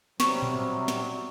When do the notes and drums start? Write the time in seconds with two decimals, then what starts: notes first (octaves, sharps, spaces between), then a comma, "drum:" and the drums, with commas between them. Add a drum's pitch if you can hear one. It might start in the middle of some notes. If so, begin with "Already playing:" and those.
0.20 C3 F#3 G3 C#6, drum: snare
0.42 drum: tom A2
0.88 drum: snare